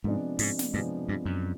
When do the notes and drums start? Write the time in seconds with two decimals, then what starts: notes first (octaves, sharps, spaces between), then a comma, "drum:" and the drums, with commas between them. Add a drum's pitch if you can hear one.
0.04 G#2 C3 F3 G#3 B3 D4
0.39 G#2, drum: open hi-hat
0.59 drum: snare
0.73 G2 C3 F3 G#3 B3 D4
1.09 G2
1.25 F#2